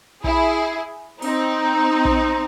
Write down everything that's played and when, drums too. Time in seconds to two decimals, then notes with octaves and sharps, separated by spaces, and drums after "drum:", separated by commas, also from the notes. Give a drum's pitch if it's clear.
0.24 E4 G#4, drum: kick A#1
1.22 C4 D#4, drum: open hi-hat
2.05 drum: kick A#1